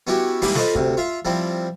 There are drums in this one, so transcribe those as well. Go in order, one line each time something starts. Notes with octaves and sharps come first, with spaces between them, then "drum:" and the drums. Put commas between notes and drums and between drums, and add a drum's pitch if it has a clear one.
B3 C#4 E4 F#4 G4 E5
G3 G#3 A#3 D#4 E4 G4, drum: open hi-hat
F4 A4 B4 C5 D#5, drum: snare
D2 C3, drum: kick
F4 E5 F5
F3 G3 C4 E4